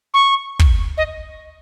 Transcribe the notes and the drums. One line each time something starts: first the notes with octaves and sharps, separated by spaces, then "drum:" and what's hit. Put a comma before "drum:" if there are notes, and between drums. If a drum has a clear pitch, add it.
C#6
drum: kick
D#5